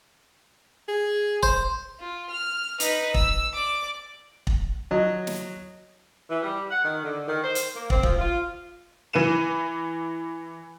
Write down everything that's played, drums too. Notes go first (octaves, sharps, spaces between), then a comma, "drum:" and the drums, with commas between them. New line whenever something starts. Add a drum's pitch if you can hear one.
G#4
C5, drum: kick
F4
F6
D#4 B4, drum: hi-hat
E6, drum: kick
D5 D6
drum: kick
F#3 D#5
drum: snare
E3
G3
F#5
D#3
D3
D#3
C5
drum: hi-hat
A#3
C4, drum: kick
F3, drum: kick
F4
E3 B4 D#7 E7